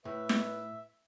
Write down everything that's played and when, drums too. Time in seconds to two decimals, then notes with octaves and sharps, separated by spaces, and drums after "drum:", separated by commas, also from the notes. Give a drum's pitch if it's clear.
0.05 A2 B4 E5
0.29 drum: snare